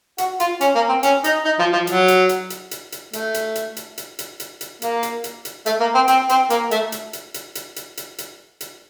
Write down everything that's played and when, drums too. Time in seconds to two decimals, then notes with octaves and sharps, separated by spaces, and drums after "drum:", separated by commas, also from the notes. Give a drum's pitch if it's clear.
0.18 F#4, drum: hi-hat
0.40 F4, drum: hi-hat
0.61 C#4, drum: hi-hat
0.75 A#3
0.89 C4
1.03 C#4, drum: hi-hat
1.24 D#4, drum: hi-hat
1.45 D#4
1.59 F3
1.73 F3
1.87 F#3, drum: hi-hat
2.08 drum: hi-hat
2.29 drum: hi-hat
2.50 drum: hi-hat
2.71 drum: hi-hat
2.92 drum: hi-hat
3.13 A3, drum: hi-hat
3.34 drum: hi-hat
3.55 drum: hi-hat
3.77 drum: hi-hat
3.98 drum: hi-hat
4.19 drum: hi-hat
4.40 drum: hi-hat
4.61 drum: hi-hat
4.82 A#3, drum: hi-hat
5.03 drum: hi-hat
5.24 drum: hi-hat
5.45 drum: hi-hat
5.66 A3, drum: hi-hat
5.80 A#3
5.94 C4
6.08 C4, drum: hi-hat
6.29 C4, drum: hi-hat
6.50 A#3, drum: hi-hat
6.71 A3, drum: hi-hat
6.92 drum: hi-hat
7.13 drum: hi-hat
7.34 drum: hi-hat
7.55 drum: hi-hat
7.76 drum: hi-hat
7.97 drum: hi-hat
8.18 drum: hi-hat
8.61 drum: hi-hat